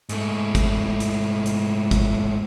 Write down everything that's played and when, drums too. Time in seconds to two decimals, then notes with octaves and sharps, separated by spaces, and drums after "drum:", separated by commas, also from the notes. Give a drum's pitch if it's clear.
0.09 G#2 A3, drum: hi-hat
0.55 drum: kick, hi-hat
1.00 drum: hi-hat
1.46 drum: hi-hat
1.91 drum: kick, hi-hat